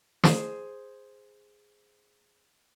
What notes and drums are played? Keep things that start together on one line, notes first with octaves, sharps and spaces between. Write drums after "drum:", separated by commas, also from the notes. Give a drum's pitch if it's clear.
G#4 C5, drum: snare